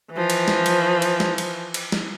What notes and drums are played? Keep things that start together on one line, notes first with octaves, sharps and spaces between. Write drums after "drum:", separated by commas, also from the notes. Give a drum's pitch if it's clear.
E3 F3
drum: cymbal
drum: snare
drum: cymbal
drum: cymbal
drum: snare
drum: cymbal
drum: cymbal
drum: snare